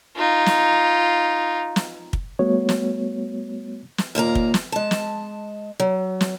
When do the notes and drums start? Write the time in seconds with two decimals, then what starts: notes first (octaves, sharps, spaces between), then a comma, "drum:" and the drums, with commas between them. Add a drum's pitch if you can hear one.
0.16 D#4 F4
0.46 drum: snare
1.76 drum: snare
2.13 drum: kick
2.39 G3 A3 B3 F#4 C#5
2.69 drum: snare
3.98 drum: snare
4.15 D#2 A#2 A#3 A#5
4.35 drum: kick
4.54 drum: snare
4.72 G#3 A5
4.91 drum: snare
5.80 F#3
6.21 drum: snare